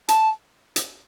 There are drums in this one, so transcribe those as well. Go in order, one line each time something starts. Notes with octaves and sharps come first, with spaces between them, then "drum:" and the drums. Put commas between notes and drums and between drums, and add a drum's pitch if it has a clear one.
A5, drum: hi-hat
drum: hi-hat